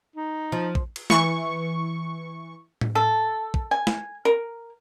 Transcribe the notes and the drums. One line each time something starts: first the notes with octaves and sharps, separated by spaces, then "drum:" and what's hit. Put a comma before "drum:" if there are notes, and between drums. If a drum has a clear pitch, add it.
D#4
F3
drum: kick
drum: cymbal
E3 C#6, drum: snare
drum: tom A2
A4
drum: kick
G#5
drum: snare
A#4